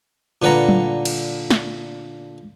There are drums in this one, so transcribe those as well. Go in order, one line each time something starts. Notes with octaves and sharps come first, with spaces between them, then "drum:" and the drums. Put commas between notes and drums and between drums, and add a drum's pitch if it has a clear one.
A#2 D3 B4 F#5 A#5
drum: tom
drum: cymbal
drum: snare